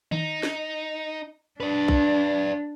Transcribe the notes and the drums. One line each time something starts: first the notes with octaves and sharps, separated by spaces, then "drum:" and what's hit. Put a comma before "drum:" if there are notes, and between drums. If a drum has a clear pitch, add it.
D#4, drum: tom D#3
drum: snare
D4 B4 D5
drum: kick B1